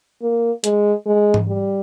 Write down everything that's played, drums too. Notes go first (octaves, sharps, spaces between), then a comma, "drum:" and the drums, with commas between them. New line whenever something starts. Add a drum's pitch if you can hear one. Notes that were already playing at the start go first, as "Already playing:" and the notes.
A#3
G#3, drum: hi-hat
G#3
drum: tom G#2
G3